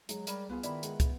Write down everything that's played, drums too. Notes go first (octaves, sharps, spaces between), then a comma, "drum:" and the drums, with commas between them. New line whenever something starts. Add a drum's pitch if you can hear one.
F#3 G#3, drum: hi-hat
G3 A#4 C#5 B5, drum: hi-hat
C2 B3 F4 G#4 B4
D#3 E4 B4 D5 B5, drum: hi-hat
G#3 F#5, drum: hi-hat
drum: kick, hi-hat